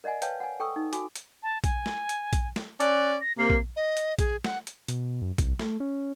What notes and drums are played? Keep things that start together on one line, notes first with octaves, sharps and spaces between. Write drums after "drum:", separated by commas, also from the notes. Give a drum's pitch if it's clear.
A#4 D5 D#5 F#5 G#5
B4 C#5 F5 G5 A5, drum: hi-hat
F#5 G#5
A4 G5 C#6 D#6 E6
D#4
F#4 G#5 D6, drum: hi-hat
drum: hi-hat
A5
G#5, drum: kick A#1, hi-hat
drum: snare
drum: hi-hat
drum: kick A#1, hi-hat
drum: snare
C#4 D5 F#6, drum: hi-hat
A#6
C3 A#3 C7
drum: kick A#1
D#5
drum: hi-hat
G#4, drum: kick A#1, hi-hat
F#5, drum: snare
drum: hi-hat
B2, drum: hi-hat
F#2
C2, drum: kick A#1, hi-hat
A3, drum: snare
C#4